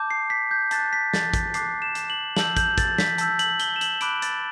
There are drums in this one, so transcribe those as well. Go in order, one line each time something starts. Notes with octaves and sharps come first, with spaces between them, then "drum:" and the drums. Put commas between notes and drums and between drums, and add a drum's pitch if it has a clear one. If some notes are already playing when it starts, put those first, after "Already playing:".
Already playing: A5 D6 G6
C7
B6
G6
A5 D6 F#6 A6, drum: hi-hat
B6
A6, drum: snare
drum: kick, hi-hat
A5 D6 F#6 C7, drum: hi-hat
E7
drum: hi-hat
F#7
A5 E6 G6 F#7, drum: snare
G6, drum: kick, hi-hat
A6, drum: kick, hi-hat
B6, drum: snare
A5 E6 G6, drum: hi-hat
F#7, drum: hi-hat
G7, drum: hi-hat
E7
F#7, drum: hi-hat
B5 D6 F#6 D7, drum: hi-hat
A6, drum: hi-hat